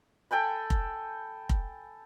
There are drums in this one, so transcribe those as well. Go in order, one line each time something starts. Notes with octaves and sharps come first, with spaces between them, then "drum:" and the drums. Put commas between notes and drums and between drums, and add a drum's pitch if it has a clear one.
A4 G5 G#5 B5
drum: kick F1
drum: kick F1